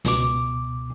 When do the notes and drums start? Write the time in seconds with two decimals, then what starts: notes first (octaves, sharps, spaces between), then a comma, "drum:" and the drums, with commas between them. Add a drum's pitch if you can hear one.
0.05 C#2 B2 D6, drum: hi-hat